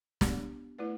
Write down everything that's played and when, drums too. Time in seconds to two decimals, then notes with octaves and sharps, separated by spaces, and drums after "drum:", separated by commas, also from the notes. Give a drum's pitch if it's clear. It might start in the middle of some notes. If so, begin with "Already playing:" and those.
0.21 B3 D4 G4, drum: snare
0.79 A3 E4 B4 D5